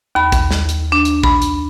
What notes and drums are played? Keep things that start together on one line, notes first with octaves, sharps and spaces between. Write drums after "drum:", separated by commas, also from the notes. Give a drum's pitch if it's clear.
D#2 B5
drum: kick, hi-hat
drum: snare
drum: hi-hat
D4
drum: hi-hat
B5, drum: kick
drum: hi-hat